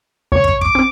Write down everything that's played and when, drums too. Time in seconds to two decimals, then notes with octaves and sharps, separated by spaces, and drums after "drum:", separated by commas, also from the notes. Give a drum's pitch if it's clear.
0.32 C#2 C#5
0.44 drum: kick
0.61 D6, drum: kick
0.75 C4